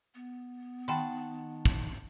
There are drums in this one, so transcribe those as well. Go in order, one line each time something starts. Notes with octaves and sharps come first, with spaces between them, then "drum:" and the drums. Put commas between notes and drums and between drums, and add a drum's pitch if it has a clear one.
B3
D#3 F#5 G5 A5 B5 C6
drum: kick